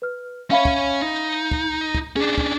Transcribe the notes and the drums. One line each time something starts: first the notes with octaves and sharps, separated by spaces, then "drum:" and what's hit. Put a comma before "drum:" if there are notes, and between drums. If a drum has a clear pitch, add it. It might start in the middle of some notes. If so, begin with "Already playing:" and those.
B4 F6
C#4 C#5 E5 F5 B5
drum: kick
D#4
drum: kick
drum: kick
C#4 D4 G#4
drum: kick